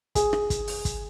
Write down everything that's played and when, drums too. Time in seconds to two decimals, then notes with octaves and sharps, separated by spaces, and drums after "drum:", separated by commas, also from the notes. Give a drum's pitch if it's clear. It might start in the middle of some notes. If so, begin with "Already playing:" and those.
0.15 G#4, drum: kick, hi-hat
0.33 drum: rim click
0.50 drum: kick, hi-hat
0.68 drum: open hi-hat
0.85 drum: kick, hi-hat